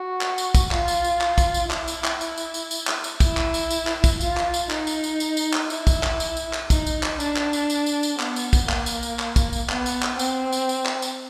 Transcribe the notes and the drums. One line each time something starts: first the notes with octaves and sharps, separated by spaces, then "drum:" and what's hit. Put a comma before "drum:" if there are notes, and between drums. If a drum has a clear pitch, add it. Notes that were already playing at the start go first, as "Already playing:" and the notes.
Already playing: F#4
drum: clap
drum: tambourine
drum: kick, tambourine
F4, drum: clap
drum: tambourine
drum: tambourine
drum: clap
drum: kick, tambourine
drum: tambourine
E4, drum: clap
drum: tambourine
drum: clap
drum: tambourine
drum: tambourine
drum: tambourine
drum: tambourine
drum: clap
drum: tambourine
E4, drum: kick, tambourine
drum: clap
drum: tambourine
drum: tambourine
drum: clap
drum: kick, tambourine
F4, drum: tambourine
drum: clap
drum: tambourine
D#4, drum: clap
drum: tambourine
drum: tambourine
drum: tambourine
drum: tambourine
drum: clap
E4, drum: tambourine
drum: kick, tambourine
drum: clap
drum: tambourine
drum: tambourine
drum: clap
D#4, drum: kick, tambourine
drum: tambourine
drum: clap
D4, drum: tambourine
drum: clap
drum: tambourine
drum: tambourine
drum: tambourine
drum: tambourine
B3, drum: clap
drum: tambourine
drum: kick, tambourine
A#3, drum: clap
drum: tambourine
drum: tambourine
drum: clap
drum: kick, tambourine
drum: tambourine
B3, drum: clap
drum: tambourine
drum: clap
C4, drum: tambourine
drum: tambourine
drum: tambourine
drum: clap
drum: tambourine